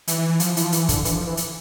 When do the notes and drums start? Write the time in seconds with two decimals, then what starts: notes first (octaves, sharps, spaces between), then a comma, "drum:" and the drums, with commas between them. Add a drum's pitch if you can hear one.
0.08 E3, drum: hi-hat
0.18 E3
0.29 E3
0.40 F3, drum: hi-hat
0.57 E3, drum: hi-hat
0.64 F3
0.72 E3, drum: hi-hat
0.89 D3, drum: kick, hi-hat
1.05 E3, drum: hi-hat
1.16 F3
1.27 E3
1.37 drum: hi-hat